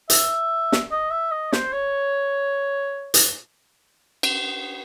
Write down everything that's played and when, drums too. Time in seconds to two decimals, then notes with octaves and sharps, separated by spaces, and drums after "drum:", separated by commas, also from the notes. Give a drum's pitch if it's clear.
0.10 E5, drum: hi-hat
0.72 drum: snare
0.91 D#5
1.11 E5
1.31 D#5
1.53 C5, drum: snare
1.73 C#5
3.14 drum: hi-hat
4.23 drum: cymbal